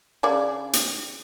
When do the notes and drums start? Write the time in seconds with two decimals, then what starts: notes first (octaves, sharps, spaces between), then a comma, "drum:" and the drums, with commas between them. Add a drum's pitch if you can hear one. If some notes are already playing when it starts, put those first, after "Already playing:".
0.23 C#3 G#4 D5
0.73 drum: hi-hat